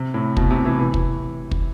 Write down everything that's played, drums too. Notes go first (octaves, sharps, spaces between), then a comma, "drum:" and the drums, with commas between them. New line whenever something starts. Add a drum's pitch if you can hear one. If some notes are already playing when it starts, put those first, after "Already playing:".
Already playing: C3
A2
B2, drum: kick
C3
E3
E3
drum: kick
drum: kick